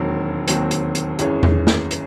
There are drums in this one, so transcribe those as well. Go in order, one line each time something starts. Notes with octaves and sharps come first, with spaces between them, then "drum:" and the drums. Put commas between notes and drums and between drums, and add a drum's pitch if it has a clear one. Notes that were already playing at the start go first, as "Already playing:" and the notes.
Already playing: E1 D#2 D#3 F#3 C4
E1 D#2 D#3 F#3 C4, drum: hi-hat
drum: hi-hat
drum: hi-hat
G#1 F#2 E3 G#3 C#4, drum: hi-hat
drum: tom E2
drum: snare
drum: hi-hat